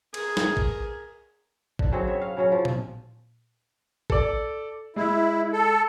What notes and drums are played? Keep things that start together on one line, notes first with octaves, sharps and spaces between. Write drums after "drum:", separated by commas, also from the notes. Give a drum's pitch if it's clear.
G#4 A#4, drum: cymbal
drum: snare
drum: kick
D3, drum: kick
C#3 F#3 C4 G#4
C#5 E5
F5
C#3 F#3 C#4
F3
drum: tom A#2
A4 D5, drum: kick
G#3 E4
A4